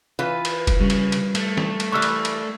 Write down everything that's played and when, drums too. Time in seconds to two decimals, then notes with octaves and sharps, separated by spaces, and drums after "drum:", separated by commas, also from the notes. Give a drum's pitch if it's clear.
0.19 E3 F4 B4
0.45 drum: cymbal
0.67 drum: kick, cymbal
0.81 C#3 G3 C#4
0.90 drum: cymbal
1.12 drum: cymbal
1.35 A3, drum: cymbal
1.57 drum: snare
1.80 drum: cymbal
1.92 E3 G3 C#6 E6 F6
2.02 drum: cymbal
2.25 drum: cymbal